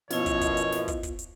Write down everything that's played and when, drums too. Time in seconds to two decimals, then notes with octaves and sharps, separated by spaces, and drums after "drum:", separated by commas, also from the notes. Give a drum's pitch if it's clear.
0.10 F#2 B2 F3 B3 E4 F4 C#5 D#5, drum: snare
0.26 drum: kick, hi-hat
0.41 drum: kick, hi-hat
0.57 drum: hi-hat
0.72 drum: snare
0.88 drum: kick, hi-hat
1.03 drum: kick, hi-hat
1.19 drum: hi-hat